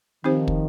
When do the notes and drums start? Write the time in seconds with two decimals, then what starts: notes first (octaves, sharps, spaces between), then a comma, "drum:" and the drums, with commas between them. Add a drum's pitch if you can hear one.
0.24 D#3 F3 C4 D#4 G4 C5
0.48 drum: kick